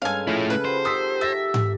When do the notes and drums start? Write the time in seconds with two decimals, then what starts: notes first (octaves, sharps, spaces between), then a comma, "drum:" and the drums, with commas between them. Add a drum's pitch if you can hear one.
0.02 G2 G#3 C#4 A4 F5 G#5
0.27 F3 A3 C#4 E4
0.50 C#3 B4
0.65 F3 F#4 G4 C5
0.85 D#3 C4 G4 D#6 E6 B6
1.21 G4 E5 A6 A#6
1.54 drum: tom G#2